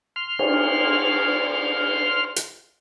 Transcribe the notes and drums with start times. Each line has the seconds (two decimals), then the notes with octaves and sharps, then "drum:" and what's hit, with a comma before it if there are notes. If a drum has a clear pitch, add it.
0.16 C6 F6
0.39 drum: cymbal
2.36 drum: hi-hat